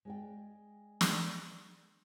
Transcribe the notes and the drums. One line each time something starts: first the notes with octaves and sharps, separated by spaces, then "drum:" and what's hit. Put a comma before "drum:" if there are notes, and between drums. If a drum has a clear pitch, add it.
G#3 D5 G5
drum: snare